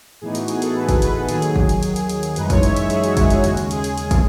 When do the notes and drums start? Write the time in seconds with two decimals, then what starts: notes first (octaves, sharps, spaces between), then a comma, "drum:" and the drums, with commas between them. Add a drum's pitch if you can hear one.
0.21 A2 E3 B3 D#4 G#4
0.35 F#4, drum: hi-hat
0.48 G#4, drum: hi-hat
0.62 A4, drum: hi-hat
0.75 B4
0.89 drum: kick, hi-hat
1.02 B4, drum: hi-hat
1.19 A4
1.29 D#2 D#3 F#3 G#4, drum: hi-hat
1.42 drum: hi-hat
1.56 drum: kick
1.69 drum: hi-hat
1.83 drum: hi-hat
1.96 drum: hi-hat
2.09 drum: hi-hat
2.23 drum: hi-hat
2.36 F#2 E3 G#3 D#4 B4, drum: hi-hat
2.50 C#5, drum: kick, hi-hat
2.63 E5, drum: hi-hat
2.76 E5, drum: hi-hat
2.90 G#4, drum: hi-hat
3.04 F#4, drum: hi-hat
3.17 G#4, drum: kick, hi-hat
3.30 G#4, drum: hi-hat
3.44 D#2 C#3 G#3 C#4 F#4, drum: hi-hat
3.57 drum: hi-hat
3.71 G#4, drum: hi-hat
3.84 drum: hi-hat
3.98 drum: hi-hat
4.11 drum: kick, hi-hat